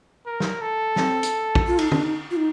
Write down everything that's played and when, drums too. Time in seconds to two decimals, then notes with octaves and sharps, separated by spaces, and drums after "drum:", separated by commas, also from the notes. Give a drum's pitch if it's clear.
0.26 A#4
0.40 drum: snare
0.61 A4
0.96 C4, drum: snare
1.23 drum: hi-hat
1.55 drum: kick
1.67 F4
1.79 D#4, drum: cymbal
1.92 D4, drum: tom
2.03 D#4
2.31 F4
2.37 D#4